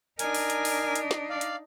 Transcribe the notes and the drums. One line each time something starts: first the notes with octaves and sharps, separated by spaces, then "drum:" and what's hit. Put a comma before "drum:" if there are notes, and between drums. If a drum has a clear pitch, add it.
D4 D#4 A#4 G#5, drum: hi-hat
drum: open hi-hat
drum: hi-hat
drum: open hi-hat
drum: hi-hat
drum: snare
D5 F5
drum: hi-hat